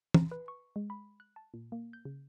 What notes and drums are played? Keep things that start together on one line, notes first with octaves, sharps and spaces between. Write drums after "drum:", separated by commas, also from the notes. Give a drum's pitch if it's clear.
A#5, drum: tom
B4
C#6
G#3
B5
F#6
A5
A#2
A#3
G6
C#3